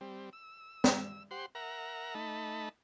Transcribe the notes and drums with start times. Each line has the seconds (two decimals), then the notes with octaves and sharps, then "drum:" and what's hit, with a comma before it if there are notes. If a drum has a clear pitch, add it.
0.01 G3 C4
0.33 E6
0.84 drum: snare
1.31 G4 C5 F#5 C6
1.55 A#4 E5 F#5 A#5
2.15 A3 D#4 A5 B5